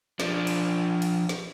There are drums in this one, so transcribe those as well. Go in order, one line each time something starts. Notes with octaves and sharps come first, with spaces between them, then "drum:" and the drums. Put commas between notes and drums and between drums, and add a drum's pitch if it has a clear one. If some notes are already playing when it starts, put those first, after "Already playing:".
F3 D4, drum: snare
drum: cymbal
drum: cymbal
drum: snare